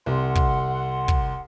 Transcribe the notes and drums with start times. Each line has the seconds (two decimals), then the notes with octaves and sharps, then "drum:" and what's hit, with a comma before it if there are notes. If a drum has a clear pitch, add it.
0.06 C2 F#5 C6
0.35 drum: kick
1.08 drum: kick